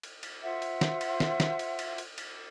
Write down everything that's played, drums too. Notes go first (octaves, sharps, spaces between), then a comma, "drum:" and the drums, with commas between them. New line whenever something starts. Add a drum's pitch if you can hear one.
drum: cymbal
drum: cymbal
F4 C5 E5 F#5
drum: cymbal
drum: snare
drum: cymbal
drum: snare
drum: snare
drum: cymbal
drum: cymbal
drum: cymbal
drum: cymbal